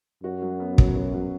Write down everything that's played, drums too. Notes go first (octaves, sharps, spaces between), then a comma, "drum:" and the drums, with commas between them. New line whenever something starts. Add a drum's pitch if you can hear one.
F#2 F#4
F#3
B3
F#3, drum: kick
F#4
F#3